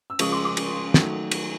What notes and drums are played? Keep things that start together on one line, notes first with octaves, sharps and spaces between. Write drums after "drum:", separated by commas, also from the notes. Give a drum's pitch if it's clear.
E6
C#3 F3 G#3 C#6 D#6, drum: cymbal
C6 D6
C6 D6
drum: cymbal
D#3 F#3 A3, drum: snare
drum: cymbal